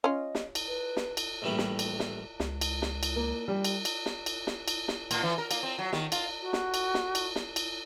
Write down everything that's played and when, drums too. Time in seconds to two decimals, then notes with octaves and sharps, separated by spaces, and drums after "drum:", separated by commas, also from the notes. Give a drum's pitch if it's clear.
0.04 C#4 F4 D#5
0.35 drum: snare
0.55 drum: cymbal
0.68 B4
0.97 drum: snare
1.17 drum: cymbal
1.42 A#1 A2 E3 G3 B5
1.58 drum: snare
1.79 drum: cymbal
2.00 drum: snare
2.40 C#2, drum: snare
2.61 drum: cymbal
2.82 drum: snare
3.03 drum: cymbal
3.16 A#3
3.48 G3
3.64 drum: cymbal
3.85 drum: cymbal
4.06 drum: snare
4.26 drum: cymbal
4.47 drum: snare
4.68 drum: cymbal
4.88 drum: snare
5.11 A2, drum: cymbal
5.23 E3
5.38 A#4
5.51 A#3, drum: cymbal
5.63 C4
5.79 F#3
5.93 D#3, drum: snare
6.12 F4, drum: cymbal
6.41 F#4
6.53 drum: snare
6.74 drum: cymbal
6.94 drum: snare
7.15 drum: cymbal
7.36 drum: snare
7.56 drum: cymbal